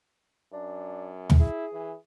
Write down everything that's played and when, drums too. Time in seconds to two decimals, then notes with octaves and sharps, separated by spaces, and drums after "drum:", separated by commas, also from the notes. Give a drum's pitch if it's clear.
0.53 F#2 D4
1.30 drum: tom
1.39 E4 G#4
1.73 E3